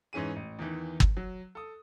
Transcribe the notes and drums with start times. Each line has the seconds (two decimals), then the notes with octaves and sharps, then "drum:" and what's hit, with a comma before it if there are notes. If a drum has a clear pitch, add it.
0.13 G#2 E3 C#4 G#4 D#7
0.36 A1
0.59 E2 D#3 E3
1.00 drum: kick G1
1.17 F#3
1.55 A4 D#6